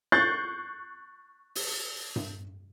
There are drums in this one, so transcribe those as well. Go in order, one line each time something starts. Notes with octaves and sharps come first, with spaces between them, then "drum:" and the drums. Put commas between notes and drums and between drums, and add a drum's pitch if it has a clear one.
C#6 F#6 G6 A6 C7
drum: open hi-hat
drum: tom G2